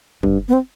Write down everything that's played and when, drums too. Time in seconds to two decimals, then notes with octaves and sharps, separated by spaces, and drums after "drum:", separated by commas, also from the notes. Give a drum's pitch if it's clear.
0.23 G2, drum: kick
0.48 B3
0.53 C4